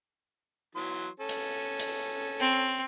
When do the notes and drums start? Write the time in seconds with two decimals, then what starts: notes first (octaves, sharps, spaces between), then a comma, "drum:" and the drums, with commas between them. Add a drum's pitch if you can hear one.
0.75 E3 F#3 C6
1.20 C#4 A4
1.29 drum: hi-hat
1.80 drum: hi-hat
2.40 C4